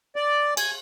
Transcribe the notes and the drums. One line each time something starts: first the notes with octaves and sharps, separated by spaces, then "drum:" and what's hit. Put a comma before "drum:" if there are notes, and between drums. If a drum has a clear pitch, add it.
D5
G#5, drum: cymbal